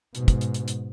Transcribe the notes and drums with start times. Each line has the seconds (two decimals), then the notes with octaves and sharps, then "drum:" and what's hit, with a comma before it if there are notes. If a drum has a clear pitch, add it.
0.15 G#2 B2, drum: hi-hat
0.28 drum: kick, hi-hat
0.41 drum: hi-hat
0.54 drum: hi-hat
0.68 drum: hi-hat